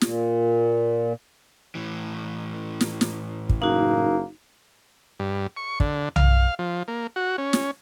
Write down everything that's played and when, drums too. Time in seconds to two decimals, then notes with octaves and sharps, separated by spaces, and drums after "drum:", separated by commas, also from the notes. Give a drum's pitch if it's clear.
0.01 A#2, drum: snare
1.75 A2 E3
2.81 drum: snare
3.01 drum: snare
3.49 drum: kick
3.62 F#1 A#3 D#4 F#4
5.20 G2
5.57 C#6
5.80 D3, drum: kick
6.16 F5, drum: tom B1
6.59 F3
6.88 A#3
7.16 F#4
7.38 C#4
7.53 drum: snare